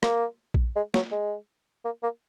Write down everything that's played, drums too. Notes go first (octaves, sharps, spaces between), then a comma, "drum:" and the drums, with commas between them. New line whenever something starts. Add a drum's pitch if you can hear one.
A#3, drum: rim click
drum: kick A#1
G#3
F#3, drum: snare
G#3
A#3
A#3